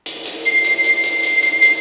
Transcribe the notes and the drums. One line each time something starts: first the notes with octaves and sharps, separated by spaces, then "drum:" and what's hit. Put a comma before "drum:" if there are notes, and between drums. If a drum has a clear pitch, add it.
drum: hi-hat
drum: hi-hat
C7, drum: hi-hat
drum: hi-hat
drum: hi-hat
drum: hi-hat
drum: hi-hat
drum: hi-hat
drum: hi-hat